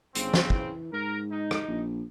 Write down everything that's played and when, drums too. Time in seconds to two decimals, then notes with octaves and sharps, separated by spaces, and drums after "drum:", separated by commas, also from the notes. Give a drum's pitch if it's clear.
0.15 G1 C#3 C4, drum: hi-hat
0.34 drum: snare
0.50 E3, drum: kick
0.93 G#2 A#4
1.31 D#4
1.51 drum: rim click
1.68 A#1